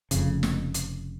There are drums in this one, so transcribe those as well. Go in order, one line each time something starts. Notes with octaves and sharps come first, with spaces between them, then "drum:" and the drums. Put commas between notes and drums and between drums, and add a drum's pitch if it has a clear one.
F1 F2 C#3, drum: hi-hat
drum: snare
drum: hi-hat